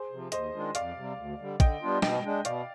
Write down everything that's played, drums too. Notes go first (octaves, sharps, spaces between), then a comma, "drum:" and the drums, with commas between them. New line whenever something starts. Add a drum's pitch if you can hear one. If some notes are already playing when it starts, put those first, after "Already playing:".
Already playing: G#4 C5
C3 F3
D#2 C5 D#5, drum: hi-hat
D#3 G#3 D4 F4
F2 D5 F5, drum: hi-hat
C3 G3
D2
D3 G3
D3 D#5 G5, drum: kick, hi-hat
G3 B3 D4 F4
B2 D#5 G5, drum: snare
G#3 D4
B2 D5 F5, drum: hi-hat